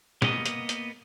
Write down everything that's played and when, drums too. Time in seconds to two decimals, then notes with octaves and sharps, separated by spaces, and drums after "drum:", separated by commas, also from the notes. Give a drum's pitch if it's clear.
0.22 A#3 B3 D#5, drum: snare
0.46 drum: hi-hat
0.69 drum: hi-hat